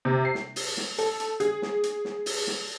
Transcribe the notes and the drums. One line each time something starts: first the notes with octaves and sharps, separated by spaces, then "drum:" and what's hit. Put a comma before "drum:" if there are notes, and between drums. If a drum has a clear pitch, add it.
C3
C7
drum: snare
drum: open hi-hat
drum: snare
A4, drum: hi-hat
drum: hi-hat
G#4, drum: hi-hat
drum: snare
drum: hi-hat
drum: snare
drum: open hi-hat
drum: snare